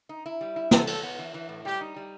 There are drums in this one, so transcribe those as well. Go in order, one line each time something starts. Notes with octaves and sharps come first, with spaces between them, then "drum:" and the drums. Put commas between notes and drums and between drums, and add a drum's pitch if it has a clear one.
D#4
E4
G3
E4
B3 A4, drum: snare
B3, drum: cymbal
B3
E3
E3
A2
G3 G4
D#4
G3